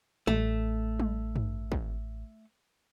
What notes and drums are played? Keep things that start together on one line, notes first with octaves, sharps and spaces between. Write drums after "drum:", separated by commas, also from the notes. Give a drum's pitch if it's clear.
A1 A3, drum: tom G3
drum: tom G3
drum: tom G2
drum: kick